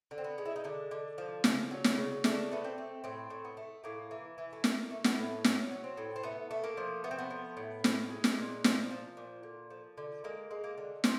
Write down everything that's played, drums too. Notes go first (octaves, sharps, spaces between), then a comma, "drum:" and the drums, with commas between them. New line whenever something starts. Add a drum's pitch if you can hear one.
D3
C4
B3
G#3
E4
D#4
D3 D4
D3
F3
C#3, drum: snare
F#3
drum: snare
C#3
A3 D4, drum: snare
A3 B3
C4
A3
A2 C4
A2
B3
A3
A2 A#3
E3
E3
A3
A3 A#3, drum: snare
A3
B3, drum: snare
A2
F#3 C#4, drum: snare
F#3
C4
A2
C4
A3 B3
A3
A#3
F3
A3 B3
C4
B3
F3
A2
F3, drum: snare
G#3
drum: snare
A#2
F3, drum: snare
F3
A#2
D3
F3
D3
G#3 A#3
G#3
A#3
D3
F3, drum: snare